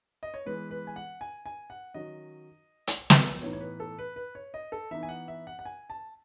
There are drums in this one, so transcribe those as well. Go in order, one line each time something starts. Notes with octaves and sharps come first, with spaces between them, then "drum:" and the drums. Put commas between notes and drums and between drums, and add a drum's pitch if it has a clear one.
D#5
C#5
E3 G#3 B3 B4
B4
G#5
F#5
G#5
G#5
F#5
D#3 F#3 C#4 D#5
drum: hi-hat
drum: snare
A2 E3 B3 D#4 C#5
C#5
B4
A4
B4
B4
C#5
D#5
A4
E3 B3 D#4 E5
G#5
F#5
E5
F#5
F#5
G#5
A5